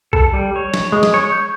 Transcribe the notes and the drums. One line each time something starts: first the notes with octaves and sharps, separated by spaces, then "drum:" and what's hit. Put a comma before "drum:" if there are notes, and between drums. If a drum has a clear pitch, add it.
A4, drum: kick B1
G3
C#5
drum: snare
G#3
drum: snare
C#5
G6